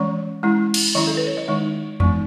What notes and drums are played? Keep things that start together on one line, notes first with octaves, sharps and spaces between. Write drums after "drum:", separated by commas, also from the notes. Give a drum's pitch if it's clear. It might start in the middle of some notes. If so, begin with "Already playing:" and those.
Already playing: E3 G#3 C#4 C#5
G#3 C#4 E4
drum: cymbal
D#3 F#3 C#4 E4 D#5
A4
B4
C#5
D#5
D#3 G#3 D#4 E5
E3 G#3 B3 D#4, drum: tom E2